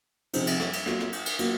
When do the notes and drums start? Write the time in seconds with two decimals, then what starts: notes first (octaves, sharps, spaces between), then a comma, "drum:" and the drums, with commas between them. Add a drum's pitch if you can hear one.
0.33 C3 F3 C4 D#4 G#4, drum: cymbal
0.47 drum: cymbal
0.60 drum: rim click
0.73 drum: cymbal
0.86 F#3 A#3 F4, drum: rim click
0.99 drum: rim click
1.13 drum: cymbal
1.26 drum: cymbal
1.39 F#3 A#3 F4, drum: cymbal